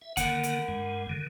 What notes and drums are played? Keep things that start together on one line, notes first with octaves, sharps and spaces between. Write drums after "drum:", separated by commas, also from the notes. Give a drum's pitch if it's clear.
E5
D3 D#3 A#3 A#4 F#5, drum: kick, hi-hat
drum: hi-hat
G2 G#3
D3 D#3